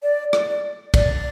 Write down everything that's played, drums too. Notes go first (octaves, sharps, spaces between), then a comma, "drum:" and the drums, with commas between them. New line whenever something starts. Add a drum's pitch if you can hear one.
D5
D5, drum: rim click
D5, drum: kick, cymbal